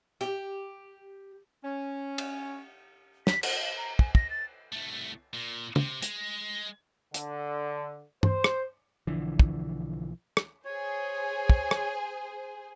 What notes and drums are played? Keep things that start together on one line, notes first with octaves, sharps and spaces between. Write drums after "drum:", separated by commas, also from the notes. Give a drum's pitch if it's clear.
G4
C#4
drum: cymbal
B6, drum: snare
F#5, drum: cymbal
F5
A#5
G#5, drum: kick
A#6, drum: kick
A6
C2 A3
A#2
C3, drum: tom
G#3, drum: hi-hat
D3, drum: hi-hat
C5, drum: tom G2
drum: rim click
B1 D3 E3 F3
drum: kick
drum: rim click
G#4 C5 C#5
drum: kick
drum: rim click